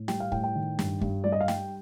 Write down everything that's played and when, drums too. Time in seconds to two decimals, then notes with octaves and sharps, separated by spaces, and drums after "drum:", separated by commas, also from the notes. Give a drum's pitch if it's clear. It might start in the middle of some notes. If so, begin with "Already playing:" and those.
Already playing: A2
0.08 G3 G5, drum: snare
0.20 F5
0.32 A2 G5, drum: kick
0.44 G5
0.55 D#3
0.79 G2, drum: snare
1.01 G2, drum: kick
1.24 G3 D5
1.32 D#5
1.40 F5
1.48 G3 G5, drum: snare